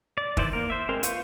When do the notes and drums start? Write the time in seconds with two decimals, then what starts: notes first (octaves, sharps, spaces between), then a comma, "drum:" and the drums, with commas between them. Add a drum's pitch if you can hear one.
0.18 D5
0.37 D#3 E3 E4 C5 D5, drum: kick
0.53 A#3 A#4
0.70 C5 E5
0.89 G#3 C4 A#4 C5 C6
1.03 F4 B4 F5 C#6 G6, drum: hi-hat